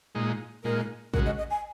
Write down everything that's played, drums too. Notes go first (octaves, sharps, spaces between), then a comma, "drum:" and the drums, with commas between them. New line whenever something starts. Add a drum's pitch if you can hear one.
A#2 G#3 D#4
A#2 G#3 D#4 A#4
C#3 G#3 F#4 A#4, drum: kick
D#5
D#5
G#5